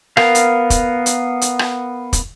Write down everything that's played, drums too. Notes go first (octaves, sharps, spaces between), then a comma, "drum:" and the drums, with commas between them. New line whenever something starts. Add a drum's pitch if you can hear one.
B3 A#4 F5, drum: rim click
drum: hi-hat
drum: kick, hi-hat
drum: hi-hat
drum: hi-hat
drum: rim click
drum: kick, hi-hat